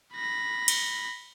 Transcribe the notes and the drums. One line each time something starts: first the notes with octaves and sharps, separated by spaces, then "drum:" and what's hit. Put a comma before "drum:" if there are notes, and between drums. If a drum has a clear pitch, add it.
B5 A#6
drum: cymbal